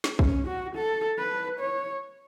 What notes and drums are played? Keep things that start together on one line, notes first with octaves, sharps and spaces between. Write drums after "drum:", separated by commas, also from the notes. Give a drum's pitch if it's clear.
drum: snare
C#4, drum: kick A#1
F#4
A4
B4
C#5